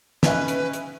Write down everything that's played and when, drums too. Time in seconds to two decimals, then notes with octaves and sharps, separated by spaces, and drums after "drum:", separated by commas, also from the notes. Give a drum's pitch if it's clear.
0.23 C#4 D#4 B4 D#5 E5, drum: snare
0.48 drum: hi-hat
0.73 drum: hi-hat